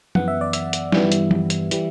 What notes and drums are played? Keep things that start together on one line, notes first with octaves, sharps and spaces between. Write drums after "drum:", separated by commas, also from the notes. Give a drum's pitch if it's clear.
F#2 E3 B3 F#5, drum: tom F3
E5
D5
E5, drum: hi-hat
drum: hi-hat
G2 E3 G3 B3, drum: snare
drum: hi-hat
drum: tom F3
drum: hi-hat
E3 G3, drum: hi-hat